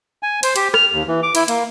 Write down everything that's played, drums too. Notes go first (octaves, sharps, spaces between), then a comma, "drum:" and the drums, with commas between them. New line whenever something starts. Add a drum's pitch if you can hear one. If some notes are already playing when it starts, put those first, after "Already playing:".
G#5
C5, drum: cymbal
G4, drum: cymbal
F6, drum: rim click
D#2
E3
D6
E4, drum: cymbal
A#3, drum: cymbal